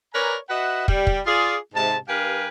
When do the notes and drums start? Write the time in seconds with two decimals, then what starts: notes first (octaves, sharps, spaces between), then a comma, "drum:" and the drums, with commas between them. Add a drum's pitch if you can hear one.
0.14 A#4 B4 C#5 D5 G#5 A#5
0.49 F#4 B4 D#5 E5 F#5
0.88 G3, drum: kick
1.07 drum: kick
1.26 F4 G#4 D5
1.74 G#2 C3 A5
2.08 G2 G4 A#4 B4 F5 G#5